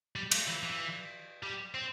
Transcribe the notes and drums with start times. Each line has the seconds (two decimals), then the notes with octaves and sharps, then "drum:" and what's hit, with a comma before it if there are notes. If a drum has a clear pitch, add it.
0.16 G3
0.32 A3, drum: cymbal
0.48 E3
0.63 E3
1.43 G3
1.75 C4